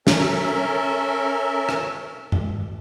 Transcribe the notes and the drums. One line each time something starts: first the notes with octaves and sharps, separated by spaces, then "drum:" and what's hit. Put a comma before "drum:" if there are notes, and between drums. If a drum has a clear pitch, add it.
C#4 A4 A#4 E5, drum: snare
drum: rim click
drum: tom G2